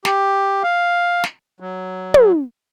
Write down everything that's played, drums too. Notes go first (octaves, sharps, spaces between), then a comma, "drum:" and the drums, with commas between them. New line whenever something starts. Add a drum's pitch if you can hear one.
G4, drum: snare
F5
drum: snare
F#3
drum: tom